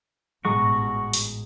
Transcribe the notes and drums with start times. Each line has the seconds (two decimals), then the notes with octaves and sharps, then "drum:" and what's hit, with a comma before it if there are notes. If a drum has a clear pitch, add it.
0.45 A1 G#2 B2 G#3 F#4 A#5 C#6
1.13 drum: open hi-hat